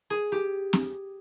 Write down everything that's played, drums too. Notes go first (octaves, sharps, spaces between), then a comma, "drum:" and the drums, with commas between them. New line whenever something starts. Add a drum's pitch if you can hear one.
G#4
G4
drum: snare C4